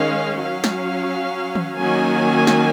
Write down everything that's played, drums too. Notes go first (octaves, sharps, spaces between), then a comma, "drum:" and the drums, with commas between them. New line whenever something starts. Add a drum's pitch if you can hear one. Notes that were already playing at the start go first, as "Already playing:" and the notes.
Already playing: D#3 G#3 C#4 F5
F#3 C#4 F5
drum: snare
drum: tom
D#3 F#3 A#3 C#4 G#5
drum: snare